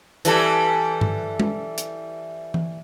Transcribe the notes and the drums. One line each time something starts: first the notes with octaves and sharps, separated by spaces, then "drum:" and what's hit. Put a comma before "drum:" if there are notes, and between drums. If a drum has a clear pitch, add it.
E3 G3 A4, drum: hi-hat
drum: tom G2
drum: tom G#3
drum: hi-hat
drum: tom E3